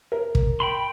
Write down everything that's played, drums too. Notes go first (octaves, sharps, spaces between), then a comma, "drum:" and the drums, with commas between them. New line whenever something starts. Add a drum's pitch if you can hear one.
A#4
drum: kick
G5 B5 C6